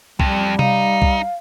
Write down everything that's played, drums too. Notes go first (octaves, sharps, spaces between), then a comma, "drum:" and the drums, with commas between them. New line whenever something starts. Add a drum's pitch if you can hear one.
F2 G3, drum: kick
D#4 F5, drum: tom C3
drum: kick